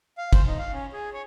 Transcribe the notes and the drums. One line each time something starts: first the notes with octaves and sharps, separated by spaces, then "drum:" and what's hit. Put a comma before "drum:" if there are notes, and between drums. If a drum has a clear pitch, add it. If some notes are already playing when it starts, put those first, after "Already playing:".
F5
C5, drum: kick, cymbal
D#4
F5
C#4
G#4
C#5